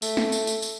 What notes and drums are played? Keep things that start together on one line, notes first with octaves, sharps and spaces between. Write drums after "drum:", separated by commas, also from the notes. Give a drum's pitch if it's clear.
A3, drum: tambourine
drum: snare
drum: tambourine
drum: tambourine
drum: tambourine